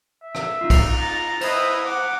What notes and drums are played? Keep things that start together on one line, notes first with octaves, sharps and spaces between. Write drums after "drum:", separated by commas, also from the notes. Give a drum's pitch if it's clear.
E5
drum: rim click
D#4 F4
drum: kick, cymbal
A#5 A6
E4 B4 C5 D#5, drum: cymbal
F#5 D6